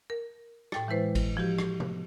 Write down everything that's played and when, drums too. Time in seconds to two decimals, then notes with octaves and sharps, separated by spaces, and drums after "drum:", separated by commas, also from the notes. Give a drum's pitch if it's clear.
0.10 A#4
0.72 A2 G5 A6, drum: rim click
0.88 E3 G#3 E4 B4 C5
1.15 drum: kick G#1, cymbal
1.37 F3 F#4 G4
1.59 drum: rim click
1.80 drum: tom C3